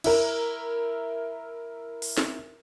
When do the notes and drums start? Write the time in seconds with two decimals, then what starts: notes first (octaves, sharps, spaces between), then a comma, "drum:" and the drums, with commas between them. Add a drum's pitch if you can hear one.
0.04 E4 A#4, drum: cymbal
2.02 drum: open hi-hat
2.18 drum: snare